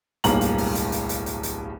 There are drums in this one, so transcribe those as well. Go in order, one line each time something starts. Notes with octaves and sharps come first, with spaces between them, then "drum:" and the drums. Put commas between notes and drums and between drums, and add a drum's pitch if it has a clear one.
D1 B1 G2 A#3 A#5 F#7, drum: hi-hat
drum: hi-hat
drum: open hi-hat
drum: hi-hat
drum: hi-hat
drum: hi-hat
drum: hi-hat
drum: hi-hat